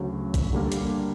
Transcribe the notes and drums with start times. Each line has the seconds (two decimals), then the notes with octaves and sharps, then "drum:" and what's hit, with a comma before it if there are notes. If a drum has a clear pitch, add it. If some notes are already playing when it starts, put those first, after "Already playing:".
Already playing: D2 C#3 F#3
0.34 drum: kick, hi-hat
0.53 D3 G3 A#3
0.72 drum: hi-hat